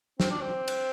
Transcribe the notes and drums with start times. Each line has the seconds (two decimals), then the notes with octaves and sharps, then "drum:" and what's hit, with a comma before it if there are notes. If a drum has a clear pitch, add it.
0.20 C4, drum: snare
0.31 D4
0.42 C4
0.68 drum: cymbal